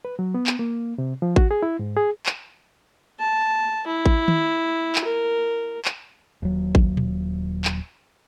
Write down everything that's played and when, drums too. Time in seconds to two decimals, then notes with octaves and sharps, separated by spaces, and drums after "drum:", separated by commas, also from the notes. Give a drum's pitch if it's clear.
0.05 B4
0.19 F#3
0.34 B3
0.47 drum: clap
0.59 A#3
0.98 C3
1.22 F3
1.36 F#4, drum: kick A1
1.51 G#4
1.63 E4
1.79 G#2
1.96 G#4
2.26 drum: clap
3.20 A5
3.87 E4
4.06 drum: kick A1
4.28 drum: tom D#3
4.95 drum: clap
5.04 A#4
5.85 drum: clap
6.42 D#1 F#3
6.75 drum: kick A1
6.97 drum: tom A#2
7.65 drum: clap